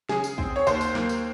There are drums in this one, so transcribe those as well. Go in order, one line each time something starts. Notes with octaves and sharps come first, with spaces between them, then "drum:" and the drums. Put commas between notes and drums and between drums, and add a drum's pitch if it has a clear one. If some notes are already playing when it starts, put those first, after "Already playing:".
C#3 G#4, drum: snare
drum: tambourine
C4, drum: kick
C#5
D#2 C5, drum: tambourine
drum: tambourine
A#3, drum: snare
drum: tambourine